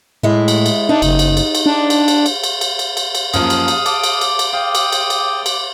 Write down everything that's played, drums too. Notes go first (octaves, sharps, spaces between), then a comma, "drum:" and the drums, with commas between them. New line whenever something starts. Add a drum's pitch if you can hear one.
A2 G#3 E4
drum: cymbal
drum: cymbal
D4 D#4
F#1, drum: cymbal
drum: cymbal
drum: cymbal
drum: cymbal
D4
drum: cymbal
drum: cymbal
drum: cymbal
drum: cymbal
drum: cymbal
drum: cymbal
drum: cymbal
drum: cymbal
F#2 F3 A#3 F5 D#6, drum: cymbal
drum: cymbal
drum: cymbal
A5 D6, drum: cymbal
drum: cymbal
drum: cymbal
drum: cymbal
F5 G5 D#6
drum: cymbal
drum: cymbal
drum: cymbal
drum: cymbal